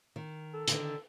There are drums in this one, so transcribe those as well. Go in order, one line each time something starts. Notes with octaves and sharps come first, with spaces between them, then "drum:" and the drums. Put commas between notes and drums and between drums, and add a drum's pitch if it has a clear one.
D#3
A4
D3 D#3, drum: hi-hat